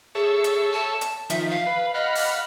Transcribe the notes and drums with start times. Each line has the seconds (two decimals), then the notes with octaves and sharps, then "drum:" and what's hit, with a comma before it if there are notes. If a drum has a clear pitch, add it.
0.15 G#4 A4 C#5 E5
0.44 drum: hi-hat
0.72 A5
1.01 drum: hi-hat
1.30 D#3 F3 E5, drum: hi-hat
1.50 F5
1.66 B4
1.94 D#5 F5 F#5 B5
2.15 drum: open hi-hat